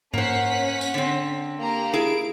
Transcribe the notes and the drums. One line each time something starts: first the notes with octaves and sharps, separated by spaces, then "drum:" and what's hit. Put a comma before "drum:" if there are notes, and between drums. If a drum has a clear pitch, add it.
A#3 C#4 C5 F#5 B6, drum: tom G#2
drum: tambourine
D3 C4
A#3 G4 A#5
E4 G#4 D7